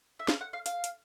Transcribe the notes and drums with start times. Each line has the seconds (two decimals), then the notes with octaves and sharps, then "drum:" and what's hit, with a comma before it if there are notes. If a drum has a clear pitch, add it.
0.19 E5
0.28 F5, drum: snare
0.41 F#5
0.53 F5
0.66 F5, drum: hi-hat
0.84 drum: hi-hat